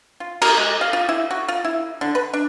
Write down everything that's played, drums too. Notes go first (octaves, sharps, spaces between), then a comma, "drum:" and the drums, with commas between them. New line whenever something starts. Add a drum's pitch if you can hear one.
F4
A#4, drum: cymbal
G#3
F5
F4
E4
F#4
F4
E4
D3
B4
D4